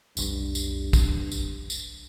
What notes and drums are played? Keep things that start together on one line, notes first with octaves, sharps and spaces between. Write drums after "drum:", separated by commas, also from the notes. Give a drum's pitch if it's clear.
F1 B1 G2, drum: tambourine
drum: tambourine
drum: kick, tambourine
drum: tambourine
drum: tambourine